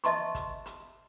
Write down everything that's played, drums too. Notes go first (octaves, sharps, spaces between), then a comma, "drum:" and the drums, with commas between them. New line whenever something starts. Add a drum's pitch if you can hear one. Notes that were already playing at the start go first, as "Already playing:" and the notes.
D#5 E5 A5 A#5 C6 C#6, drum: hi-hat
drum: kick, hi-hat
drum: hi-hat